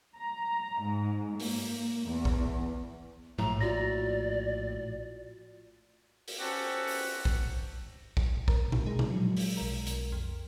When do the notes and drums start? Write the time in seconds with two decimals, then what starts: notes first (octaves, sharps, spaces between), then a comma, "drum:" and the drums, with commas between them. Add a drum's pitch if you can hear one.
0.17 A#5
0.82 G#2
1.40 A#3, drum: open hi-hat
2.07 E2
2.25 drum: kick A#1
3.39 A#1 A2 A#5, drum: tom G#2
3.61 F4 F#4 D5 A#6
6.28 drum: open hi-hat
6.39 C4 C#4 F#4 G4 A4
6.87 drum: open hi-hat
7.25 drum: kick A#1
8.17 drum: kick A#1
8.48 A#4, drum: kick A#1
8.72 drum: tom A#2
8.86 G#3
8.99 drum: tom A#2
9.11 F3 F#3
9.37 drum: open hi-hat
9.57 B1 A#4
9.87 drum: hi-hat
10.12 F2